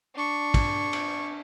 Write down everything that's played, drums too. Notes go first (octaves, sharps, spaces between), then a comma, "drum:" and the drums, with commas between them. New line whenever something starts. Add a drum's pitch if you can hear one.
D4 C#6
drum: kick, cymbal
drum: cymbal